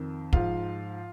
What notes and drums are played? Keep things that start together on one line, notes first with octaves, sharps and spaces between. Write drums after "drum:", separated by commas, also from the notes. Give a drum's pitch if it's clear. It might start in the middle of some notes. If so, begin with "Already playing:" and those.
Already playing: F2 D#3
G#2 F3 F4 F5, drum: kick